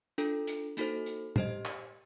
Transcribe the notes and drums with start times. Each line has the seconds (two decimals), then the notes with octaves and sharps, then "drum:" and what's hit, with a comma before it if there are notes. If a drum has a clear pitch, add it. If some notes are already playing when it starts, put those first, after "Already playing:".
0.18 D4 F4 A4, drum: hi-hat
0.47 drum: hi-hat
0.77 A#3 D#4 F#4 A4 C5, drum: hi-hat
1.06 drum: hi-hat
1.36 G4 C5 D#5, drum: tom
1.65 drum: clap